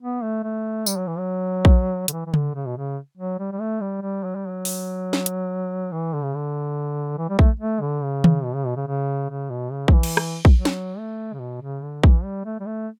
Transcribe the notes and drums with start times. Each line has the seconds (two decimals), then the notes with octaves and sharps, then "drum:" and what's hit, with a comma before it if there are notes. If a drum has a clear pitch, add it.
0.01 B3
0.23 A3
0.44 A3
0.86 G3, drum: tambourine
0.97 F#3
1.07 E3
1.18 F#3
1.65 drum: kick A#1
2.08 D3, drum: hi-hat
2.12 E3
2.26 E3
2.34 D3, drum: tom C#3
2.55 C#3
2.66 B2
2.77 C#3
3.18 F#3
3.39 G3
3.52 G3
3.60 A3
3.81 G3
4.02 G3
4.24 F#3
4.35 G3
4.48 F#3
4.65 drum: open hi-hat
5.13 drum: snare
5.26 drum: hi-hat
5.92 E3
6.13 D3
6.23 C#3
6.35 D3
7.18 E3
7.29 G3
7.39 A3, drum: kick A#1
7.60 A3
7.81 D3
8.03 C#3
8.24 drum: tom D#3
8.44 B2
8.55 C#3
8.66 B2
8.76 C#3
8.87 C#3
9.30 C#3
9.50 B2
9.72 C#3
9.88 F#3, drum: kick A#1
9.92 E3
10.03 drum: cymbal
10.17 drum: rim click
10.45 drum: kick A#1
10.56 F#3
10.65 drum: snare
10.98 A3
11.33 C#3
11.39 B2
11.62 C#3
11.82 D3
12.04 E3, drum: kick A#1
12.24 G3
12.45 A3
12.60 G3
12.66 A3